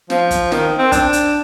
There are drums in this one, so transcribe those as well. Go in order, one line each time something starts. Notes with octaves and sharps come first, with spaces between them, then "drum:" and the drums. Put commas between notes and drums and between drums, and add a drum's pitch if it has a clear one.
F3, drum: snare
drum: kick, hi-hat
D#3, drum: snare
C4
D4, drum: kick, hi-hat
drum: hi-hat